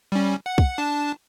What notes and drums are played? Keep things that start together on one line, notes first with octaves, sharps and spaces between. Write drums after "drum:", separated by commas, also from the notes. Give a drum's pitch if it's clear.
G3 C#4
F#5
drum: kick
D4 A5